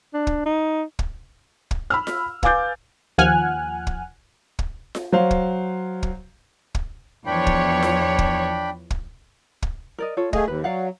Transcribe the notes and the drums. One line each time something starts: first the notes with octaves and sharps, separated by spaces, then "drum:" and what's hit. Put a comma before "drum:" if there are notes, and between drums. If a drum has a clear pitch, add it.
D4
drum: kick
D#4
drum: kick
drum: kick
B5 E6 F6
drum: snare F4
B4 F5 G#5 D6 G6 A6, drum: kick
D#2 F3 F#5 G#5 F6 F#6
drum: kick
drum: kick
drum: snare F4
F#3 C5 F5
drum: kick
drum: kick
drum: kick
E2 F3 D4 C#5 G5 B5
drum: kick
drum: snare F4
drum: kick
drum: kick
drum: kick
A#4 D5 D#5
F4 A4 C#5
A3 G#4 D#5 F5, drum: kick
D#2 B4
F#3 D5 F5 F#5